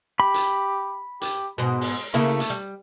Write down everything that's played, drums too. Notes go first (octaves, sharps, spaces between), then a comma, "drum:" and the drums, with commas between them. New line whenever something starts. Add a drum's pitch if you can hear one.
G4 B5
drum: hi-hat
G4, drum: hi-hat
G#2 B2 G#3
drum: open hi-hat
C#3 A3 A#3 E4
drum: hi-hat
G3